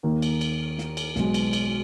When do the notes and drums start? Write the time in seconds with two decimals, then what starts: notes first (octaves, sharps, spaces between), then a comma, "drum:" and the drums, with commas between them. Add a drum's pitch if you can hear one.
0.03 D#2 D#3 A#3
0.22 drum: cymbal
0.41 drum: cymbal
0.78 drum: snare
0.97 drum: cymbal
1.16 B1 B2 G#3, drum: snare
1.34 drum: cymbal
1.53 drum: cymbal